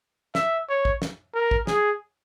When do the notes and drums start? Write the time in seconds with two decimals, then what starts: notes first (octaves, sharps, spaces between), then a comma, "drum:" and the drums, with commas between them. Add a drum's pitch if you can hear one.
0.35 E5, drum: snare
0.69 C#5
0.85 drum: kick
1.02 drum: snare
1.34 A#4
1.51 drum: kick
1.67 G#4, drum: snare